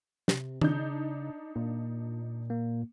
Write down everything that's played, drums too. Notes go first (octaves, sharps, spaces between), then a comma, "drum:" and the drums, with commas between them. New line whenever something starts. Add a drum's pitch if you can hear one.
C3, drum: snare
C#3 D4 D#4 G6, drum: tom D#3
A#2 A#3
A#3